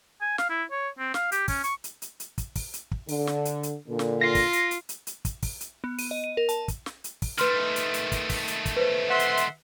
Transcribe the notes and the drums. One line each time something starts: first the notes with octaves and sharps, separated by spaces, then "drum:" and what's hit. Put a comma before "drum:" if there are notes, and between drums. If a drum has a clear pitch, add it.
G#5
F5, drum: snare
E4
C#5
C4
F5, drum: snare
G4, drum: hi-hat
C#4, drum: kick, open hi-hat
C#6, drum: hi-hat
drum: hi-hat
drum: hi-hat
drum: hi-hat
drum: kick, hi-hat
drum: kick, open hi-hat
drum: hi-hat
drum: kick
D3, drum: open hi-hat
drum: snare
drum: hi-hat
drum: hi-hat
A#2 D3
drum: snare
F4 A#6 C7
drum: kick, open hi-hat
drum: hi-hat
drum: hi-hat
drum: hi-hat
drum: hi-hat
drum: kick, hi-hat
drum: kick, open hi-hat
drum: hi-hat
B3
D#7, drum: open hi-hat
D#5
D#7
A#4
A5, drum: hi-hat
drum: kick, hi-hat
drum: snare
drum: hi-hat
drum: kick, open hi-hat
D#3 A3 B4 C6 F6, drum: hi-hat
drum: hi-hat
drum: hi-hat
drum: kick, hi-hat
drum: kick, open hi-hat
drum: hi-hat
drum: kick, hi-hat
B4 C5
E5 F#5 C6
drum: hi-hat
drum: hi-hat